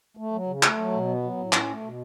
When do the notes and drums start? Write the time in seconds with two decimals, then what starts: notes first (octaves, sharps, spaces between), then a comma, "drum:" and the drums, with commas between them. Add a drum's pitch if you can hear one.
0.17 A3
0.32 F#3
0.47 C#3
0.63 A3, drum: clap
0.77 F#3
0.92 B2
1.08 B3
1.23 F#3
1.37 A2
1.53 C#4, drum: clap
1.68 A3
1.83 B2